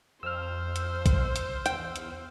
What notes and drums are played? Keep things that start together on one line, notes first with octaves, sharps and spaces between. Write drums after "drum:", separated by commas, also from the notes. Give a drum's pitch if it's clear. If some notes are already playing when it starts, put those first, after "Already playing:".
F2 C5 E6 F6
drum: hi-hat
drum: kick B1, hi-hat
drum: hi-hat
E2 G5, drum: hi-hat
drum: hi-hat